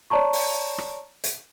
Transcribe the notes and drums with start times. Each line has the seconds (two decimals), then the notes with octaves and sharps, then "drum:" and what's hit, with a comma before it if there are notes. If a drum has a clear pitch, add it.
0.10 C#5 D5 A5 A#5 C#6
0.33 drum: open hi-hat
0.78 drum: rim click
1.24 drum: hi-hat